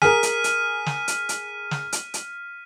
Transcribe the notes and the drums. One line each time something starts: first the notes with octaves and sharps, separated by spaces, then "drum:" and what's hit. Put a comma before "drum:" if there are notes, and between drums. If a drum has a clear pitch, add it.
G#4 A#4 F6 B6 D#7, drum: snare
drum: hi-hat
drum: hi-hat
drum: snare
drum: hi-hat
drum: hi-hat
drum: snare
drum: hi-hat
drum: hi-hat